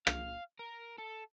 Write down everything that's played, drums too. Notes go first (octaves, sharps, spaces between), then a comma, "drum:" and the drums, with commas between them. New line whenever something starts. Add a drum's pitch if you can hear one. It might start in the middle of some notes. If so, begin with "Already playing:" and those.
F5, drum: rim click
A#4
A4